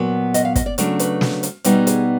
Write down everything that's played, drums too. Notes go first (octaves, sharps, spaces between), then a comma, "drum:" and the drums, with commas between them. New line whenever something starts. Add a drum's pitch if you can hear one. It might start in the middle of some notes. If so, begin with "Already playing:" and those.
Already playing: A#2 F#3 B3
D#5, drum: hi-hat
F5
D#5, drum: kick, hi-hat
D5
C#3 F#3 A3 D4, drum: hi-hat
B4, drum: hi-hat
drum: snare
drum: hi-hat
B2 G3 B3 D#4, drum: hi-hat
G#4, drum: hi-hat